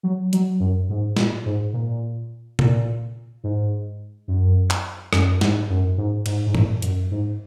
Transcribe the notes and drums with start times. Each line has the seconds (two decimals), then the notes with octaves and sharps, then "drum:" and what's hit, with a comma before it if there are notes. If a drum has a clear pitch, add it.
0.03 F#3
0.33 F#3, drum: hi-hat
0.60 F#2
0.89 G#2
1.16 A#2, drum: snare
1.45 G#2
1.73 A#2
2.59 A#2, drum: tom C3
3.44 G#2
4.28 F#2
4.70 drum: clap
5.13 F#2, drum: rim click
5.41 G#2, drum: snare
5.70 F#2
5.98 G#2
6.26 G#2, drum: cymbal
6.46 G#2
6.55 A#2, drum: tom G2
6.82 F#2, drum: hi-hat
7.11 G#2